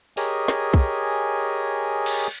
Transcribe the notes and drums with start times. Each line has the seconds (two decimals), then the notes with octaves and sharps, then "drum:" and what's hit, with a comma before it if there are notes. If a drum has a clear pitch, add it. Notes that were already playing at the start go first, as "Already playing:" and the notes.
0.17 G4 G#4 A#4 C#5 D#5 G#5, drum: open hi-hat
0.48 drum: snare
0.74 drum: kick
2.06 drum: cymbal